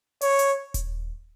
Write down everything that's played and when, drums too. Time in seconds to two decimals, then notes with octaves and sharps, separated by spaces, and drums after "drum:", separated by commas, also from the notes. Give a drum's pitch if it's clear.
0.21 C#5, drum: open hi-hat
0.39 drum: hi-hat
0.74 drum: kick D#1, hi-hat